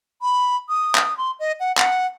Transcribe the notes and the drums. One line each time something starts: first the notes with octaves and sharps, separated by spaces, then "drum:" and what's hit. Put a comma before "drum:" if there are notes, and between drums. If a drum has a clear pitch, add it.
B5
D#6
drum: clap
C6
D#5
F#5
F#5, drum: clap